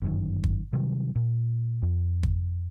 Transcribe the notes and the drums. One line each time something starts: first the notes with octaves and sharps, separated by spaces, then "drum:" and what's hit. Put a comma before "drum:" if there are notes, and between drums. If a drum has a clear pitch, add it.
G1 F#2 D#3
drum: kick
C3 D#3 F#3 G3
A#2
F2
drum: kick